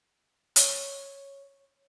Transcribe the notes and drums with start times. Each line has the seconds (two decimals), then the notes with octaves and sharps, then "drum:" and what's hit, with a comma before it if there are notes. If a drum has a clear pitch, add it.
0.56 C#5, drum: hi-hat